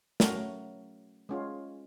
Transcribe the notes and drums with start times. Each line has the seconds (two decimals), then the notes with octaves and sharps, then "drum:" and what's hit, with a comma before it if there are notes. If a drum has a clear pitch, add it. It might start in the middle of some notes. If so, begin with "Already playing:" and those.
0.20 F#3 A3 C#4 F#4 A#4, drum: snare
1.29 G#3 C#4 F4